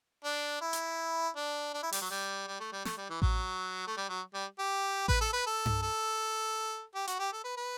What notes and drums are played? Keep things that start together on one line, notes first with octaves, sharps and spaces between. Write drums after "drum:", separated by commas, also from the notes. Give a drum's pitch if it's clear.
D4
E4
drum: hi-hat
D4
D4
E4
G3, drum: open hi-hat
F#3
G3
G3
A3
G3
A3, drum: snare
G3
E3
F#3, drum: kick A1
A3
G3
F#3
G3
G4
B4, drum: kick A1
A4
B4
A4
drum: tom G2
A4
G4
F#4, drum: hi-hat
G4
A4
B4
B4